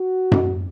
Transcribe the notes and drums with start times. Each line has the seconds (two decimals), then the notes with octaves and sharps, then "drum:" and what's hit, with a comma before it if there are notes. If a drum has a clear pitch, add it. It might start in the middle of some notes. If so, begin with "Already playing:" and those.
Already playing: F#4
0.32 drum: tom F#2